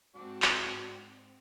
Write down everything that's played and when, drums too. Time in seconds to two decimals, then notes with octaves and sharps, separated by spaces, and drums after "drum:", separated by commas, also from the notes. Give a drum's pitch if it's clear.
0.16 G#2 C4 D4 F#4
0.42 drum: clap